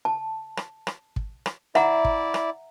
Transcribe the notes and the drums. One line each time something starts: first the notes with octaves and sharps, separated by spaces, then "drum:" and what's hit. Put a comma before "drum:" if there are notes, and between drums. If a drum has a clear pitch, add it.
A5
drum: rim click
drum: rim click
drum: kick
drum: rim click
E4 D5 E5 F#5 A#5, drum: rim click
drum: kick
drum: rim click